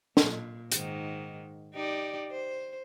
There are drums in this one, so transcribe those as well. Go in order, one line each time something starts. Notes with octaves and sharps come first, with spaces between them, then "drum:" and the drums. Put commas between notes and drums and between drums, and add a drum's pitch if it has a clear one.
A#2, drum: snare
G#2 D#3, drum: hi-hat
D#4 G4 D5
C5